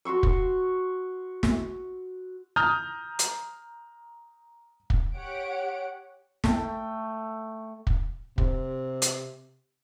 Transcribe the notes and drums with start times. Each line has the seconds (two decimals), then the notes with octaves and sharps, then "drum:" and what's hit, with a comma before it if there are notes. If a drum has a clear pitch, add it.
0.05 F#4 C6 C#6 E6
0.23 drum: kick
1.43 drum: snare
2.56 A#5 D#6 F6 G6
3.19 drum: hi-hat
4.90 drum: kick
5.16 G4 C#5 F#5 D7
6.44 A3 G5, drum: snare
7.87 drum: kick
8.38 C3, drum: kick
9.02 drum: hi-hat